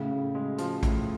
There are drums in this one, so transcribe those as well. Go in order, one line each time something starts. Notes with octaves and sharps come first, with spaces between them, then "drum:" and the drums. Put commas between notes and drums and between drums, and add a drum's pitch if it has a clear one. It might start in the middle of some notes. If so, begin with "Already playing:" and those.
Already playing: A2 C#3
A2
G#3
F3, drum: hi-hat
A2, drum: kick A#1, hi-hat